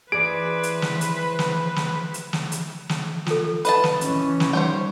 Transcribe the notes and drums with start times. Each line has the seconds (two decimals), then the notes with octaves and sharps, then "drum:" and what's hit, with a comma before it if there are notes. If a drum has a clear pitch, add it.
0.12 E3 G#4 B4 C5 D5 B5 D7
0.63 drum: hi-hat
0.82 drum: snare
1.01 drum: hi-hat
1.39 drum: snare
1.76 drum: snare
2.14 drum: hi-hat
2.33 drum: snare
2.52 drum: hi-hat
2.89 drum: snare
3.26 F4 A4, drum: snare
3.65 B4 D#5 A5, drum: hi-hat
3.84 drum: snare
4.01 E3 C#4, drum: hi-hat
4.40 drum: snare
4.53 G3 D#4 C5 C#5 G5